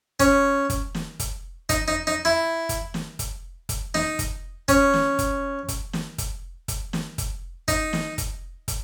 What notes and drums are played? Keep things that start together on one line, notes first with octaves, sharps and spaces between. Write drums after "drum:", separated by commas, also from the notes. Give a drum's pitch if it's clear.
C#4, drum: kick, hi-hat
drum: kick, hi-hat
drum: snare
drum: kick, hi-hat
D#4, drum: kick, hi-hat
D#4
D#4
E4
drum: kick, hi-hat
drum: snare
drum: kick, hi-hat
drum: kick, hi-hat
D#4, drum: snare
drum: kick, hi-hat
C#4, drum: kick, hi-hat
drum: snare
drum: kick, hi-hat
drum: kick, hi-hat
drum: snare
drum: kick, hi-hat
drum: kick, hi-hat
drum: snare
drum: kick, hi-hat
D#4, drum: kick, hi-hat
drum: snare
drum: kick, hi-hat
drum: kick, hi-hat